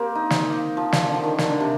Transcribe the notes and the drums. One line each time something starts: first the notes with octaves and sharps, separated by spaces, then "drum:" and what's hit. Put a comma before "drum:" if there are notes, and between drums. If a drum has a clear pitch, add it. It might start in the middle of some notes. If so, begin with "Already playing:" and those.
Already playing: A#3 C4 G4
D#4
drum: snare
F3
drum: snare
D3
D#3
D3, drum: snare
D3
C3